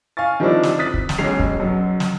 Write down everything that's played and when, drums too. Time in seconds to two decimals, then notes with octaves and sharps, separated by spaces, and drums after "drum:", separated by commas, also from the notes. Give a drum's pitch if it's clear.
0.17 F5 G#5 C#6 A6
0.40 D#3 F3 G3 C4 D4 E4
0.63 drum: snare
0.79 C4 D#6 F#6 A6 B6
0.94 drum: kick
1.09 drum: snare
1.19 E1 B1 G#3 C#4 C7 F7
1.39 drum: kick
1.60 F#2 B2 F#3
2.00 drum: snare